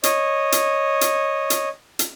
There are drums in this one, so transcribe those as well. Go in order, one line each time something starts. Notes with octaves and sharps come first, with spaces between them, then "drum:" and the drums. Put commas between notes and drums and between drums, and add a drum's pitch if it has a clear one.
C#5 D#5, drum: hi-hat
drum: hi-hat
drum: hi-hat
drum: hi-hat
drum: hi-hat